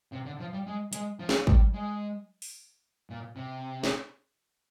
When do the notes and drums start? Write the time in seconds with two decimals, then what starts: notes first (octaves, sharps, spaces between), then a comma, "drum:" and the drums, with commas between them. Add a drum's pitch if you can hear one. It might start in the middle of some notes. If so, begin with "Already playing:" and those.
0.12 C3
0.26 D3
0.40 F3
0.53 G3
0.66 G#3
0.93 G#3, drum: hi-hat
1.20 F3
1.29 drum: snare
1.47 G3, drum: kick
1.74 G#3
2.42 drum: open hi-hat
3.10 A#2
3.36 C3
3.83 drum: snare